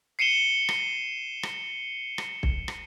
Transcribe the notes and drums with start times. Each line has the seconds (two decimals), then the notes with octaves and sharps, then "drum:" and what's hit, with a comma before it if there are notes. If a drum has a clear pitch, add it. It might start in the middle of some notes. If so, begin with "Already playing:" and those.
0.19 C7 C#7 D#7 E7 G7
0.69 drum: rim click
1.43 drum: rim click
2.18 drum: rim click
2.43 drum: kick
2.68 drum: rim click